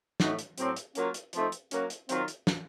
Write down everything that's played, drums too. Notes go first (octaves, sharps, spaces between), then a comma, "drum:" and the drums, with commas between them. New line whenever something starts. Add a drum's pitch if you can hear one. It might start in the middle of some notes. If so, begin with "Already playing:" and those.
A2 A3 D#4 F#4, drum: snare
drum: hi-hat
A2 F#3 C4, drum: hi-hat
drum: hi-hat
F#3 A#3 C#4 F4, drum: hi-hat
drum: hi-hat
F3 A3 C4 D#4, drum: hi-hat
drum: hi-hat
F#3 A#3 C#4 F#4, drum: hi-hat
drum: hi-hat
D#3 F#3 C4 F4, drum: hi-hat
drum: hi-hat
drum: snare